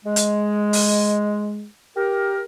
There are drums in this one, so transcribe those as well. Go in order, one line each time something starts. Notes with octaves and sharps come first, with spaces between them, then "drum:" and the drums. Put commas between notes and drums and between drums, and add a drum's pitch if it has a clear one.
G#3
drum: hi-hat
drum: open hi-hat
G4 A#4